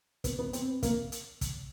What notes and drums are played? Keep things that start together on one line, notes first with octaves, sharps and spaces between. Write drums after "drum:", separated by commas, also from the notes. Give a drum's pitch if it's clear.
B3, drum: kick, hi-hat
B3
C4, drum: hi-hat
A#3, drum: kick, hi-hat
drum: hi-hat
drum: kick, hi-hat